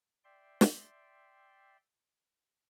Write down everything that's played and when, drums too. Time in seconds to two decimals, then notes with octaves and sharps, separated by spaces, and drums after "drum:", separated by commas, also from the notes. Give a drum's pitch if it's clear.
0.24 D5 E5 G5 C6
0.61 drum: snare